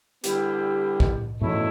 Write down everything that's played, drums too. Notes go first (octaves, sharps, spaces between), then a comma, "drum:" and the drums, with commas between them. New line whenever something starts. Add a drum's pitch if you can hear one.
D3 G3 B3 E4 G4, drum: hi-hat
drum: kick
E2 B2 A3 C#4 E4, drum: tom G#2